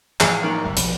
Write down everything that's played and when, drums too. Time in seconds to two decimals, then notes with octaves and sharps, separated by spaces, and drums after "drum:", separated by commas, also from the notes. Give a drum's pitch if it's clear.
0.20 A2 E3 F3 G#4, drum: clap
0.43 D#3 A#3
0.65 F#1 G3
0.77 A#1 C3 F3 B5, drum: hi-hat